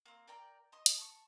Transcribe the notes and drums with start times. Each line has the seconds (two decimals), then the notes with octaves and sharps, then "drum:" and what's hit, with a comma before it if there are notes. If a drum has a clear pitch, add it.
0.06 A#3 C4
0.28 A#4 D5 G5 A#5
0.72 D#5 C6 D#6
0.86 drum: hi-hat
0.98 A5 C#6